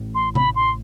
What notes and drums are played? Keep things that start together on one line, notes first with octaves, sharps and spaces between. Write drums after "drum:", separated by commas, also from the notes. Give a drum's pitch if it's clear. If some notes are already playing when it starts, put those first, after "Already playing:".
Already playing: A1 A2
C6
B5, drum: tom C3
C6